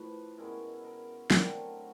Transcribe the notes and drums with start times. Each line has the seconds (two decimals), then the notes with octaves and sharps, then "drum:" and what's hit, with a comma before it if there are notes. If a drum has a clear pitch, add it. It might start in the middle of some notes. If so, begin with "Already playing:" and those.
Already playing: A2 F3 A3 B4
0.38 B2 G#3 C#4 E4 A#4
0.84 A#4
1.31 D3 F#3 A3 C4 A#4, drum: snare